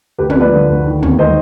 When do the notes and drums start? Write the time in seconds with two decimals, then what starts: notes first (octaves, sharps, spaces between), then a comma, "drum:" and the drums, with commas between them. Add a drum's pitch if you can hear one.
0.18 D2 G4 B4
0.30 B4 D5, drum: tom
0.35 F3
0.40 B4 D5
0.52 D3
0.69 D2
0.86 D#3
1.02 D#2, drum: tom
1.19 D#3 C5 D#5